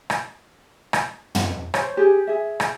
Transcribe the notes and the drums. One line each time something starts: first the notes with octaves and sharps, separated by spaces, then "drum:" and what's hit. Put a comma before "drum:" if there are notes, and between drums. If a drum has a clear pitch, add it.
drum: rim click
drum: rim click
drum: tom
C5 C#5, drum: rim click
G4 G#4
G#4 E5
drum: rim click